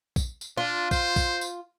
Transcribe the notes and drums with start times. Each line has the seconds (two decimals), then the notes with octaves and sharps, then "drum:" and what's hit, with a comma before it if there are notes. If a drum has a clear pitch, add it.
0.16 drum: kick, tambourine
0.41 drum: tambourine
0.58 D4 F4
0.91 C5, drum: kick, tambourine
1.16 drum: kick, tambourine
1.41 drum: tambourine